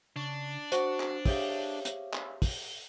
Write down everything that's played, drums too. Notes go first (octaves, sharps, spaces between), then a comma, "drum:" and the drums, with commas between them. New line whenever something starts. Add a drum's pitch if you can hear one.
C#3 D4
F#4 C5 F#5, drum: hi-hat
drum: clap
G4 G#4 C#5 E5 F5, drum: kick, open hi-hat
drum: hi-hat
drum: clap
drum: kick, open hi-hat